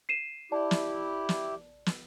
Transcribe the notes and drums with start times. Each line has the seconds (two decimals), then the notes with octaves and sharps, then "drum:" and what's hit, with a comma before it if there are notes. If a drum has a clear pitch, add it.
0.09 C7 D#7 E7
0.52 E4 G4 D5 A5
0.71 drum: snare
1.29 drum: snare
1.86 drum: snare